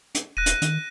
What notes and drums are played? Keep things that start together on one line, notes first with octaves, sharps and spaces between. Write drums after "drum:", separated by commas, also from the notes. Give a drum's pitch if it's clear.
drum: hi-hat
D#1 F#6 A#6 D#7
drum: hi-hat
D#3, drum: hi-hat